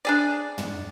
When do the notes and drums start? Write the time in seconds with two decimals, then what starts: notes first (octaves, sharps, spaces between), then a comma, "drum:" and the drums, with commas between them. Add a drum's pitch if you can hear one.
0.05 D4 G#4 D5
0.58 drum: tom